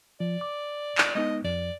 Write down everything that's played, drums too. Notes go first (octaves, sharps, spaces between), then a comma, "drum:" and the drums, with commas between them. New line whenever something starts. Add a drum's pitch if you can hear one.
F3 D5
D6
drum: clap
G#3 B3 D#4 D#5
F2 D5